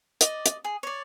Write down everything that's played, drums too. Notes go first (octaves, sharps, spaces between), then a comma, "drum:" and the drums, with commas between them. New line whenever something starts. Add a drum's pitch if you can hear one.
D5 D#5, drum: hi-hat
drum: hi-hat
G#4
C#5 D5